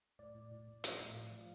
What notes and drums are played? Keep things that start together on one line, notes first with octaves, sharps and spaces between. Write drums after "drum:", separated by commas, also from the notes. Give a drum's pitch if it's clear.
A2 D5
A2
A2
A2
F3 F5, drum: hi-hat
A2
A2
F3